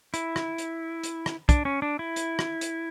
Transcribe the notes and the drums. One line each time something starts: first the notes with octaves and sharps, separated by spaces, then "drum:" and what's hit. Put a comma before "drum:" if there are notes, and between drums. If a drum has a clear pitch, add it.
E4, drum: hi-hat
drum: rim click
drum: hi-hat
drum: hi-hat
drum: rim click
D4, drum: kick, hi-hat
C#4
D4
E4
drum: hi-hat
drum: rim click
drum: hi-hat